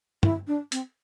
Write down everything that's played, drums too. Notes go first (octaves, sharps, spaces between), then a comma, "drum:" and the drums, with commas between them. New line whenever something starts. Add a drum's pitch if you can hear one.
E4, drum: tom
D4
C4, drum: hi-hat